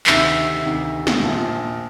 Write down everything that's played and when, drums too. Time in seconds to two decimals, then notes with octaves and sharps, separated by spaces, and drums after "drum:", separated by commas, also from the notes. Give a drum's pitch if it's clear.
0.06 D2 C3 D#3 E5, drum: clap
0.65 D2 C3 D#3
1.07 drum: snare
1.22 A#1 A#2 F3